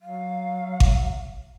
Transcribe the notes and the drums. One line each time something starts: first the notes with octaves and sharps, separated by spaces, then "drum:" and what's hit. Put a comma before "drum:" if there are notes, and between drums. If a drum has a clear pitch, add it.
F#3 F5
drum: kick G#1